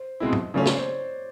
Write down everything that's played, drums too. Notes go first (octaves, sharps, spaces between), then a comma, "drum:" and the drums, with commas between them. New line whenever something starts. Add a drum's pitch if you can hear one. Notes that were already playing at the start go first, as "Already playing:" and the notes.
Already playing: C5
B2 G#3 C4 E4
drum: tom G#2
C#3 F#3 A3 C#4 F4 D5
C#5, drum: snare
C5